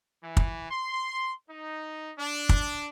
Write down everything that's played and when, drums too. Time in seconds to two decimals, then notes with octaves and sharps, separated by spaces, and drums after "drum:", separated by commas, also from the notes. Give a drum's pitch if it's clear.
0.23 E3
0.37 drum: kick
0.70 C6
1.50 D#4
2.19 D4
2.49 drum: kick